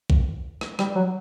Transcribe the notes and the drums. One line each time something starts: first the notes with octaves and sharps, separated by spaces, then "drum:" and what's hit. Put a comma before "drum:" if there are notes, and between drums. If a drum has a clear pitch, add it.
drum: kick B1
drum: rim click
G3, drum: rim click
F#3